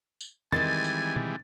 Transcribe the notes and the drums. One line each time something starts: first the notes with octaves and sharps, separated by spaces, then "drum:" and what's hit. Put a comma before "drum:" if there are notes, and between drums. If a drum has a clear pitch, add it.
drum: tambourine
D#3 E3 G3 G#3 C4 D#5 G#5 A6, drum: tom
drum: tambourine
drum: tom B2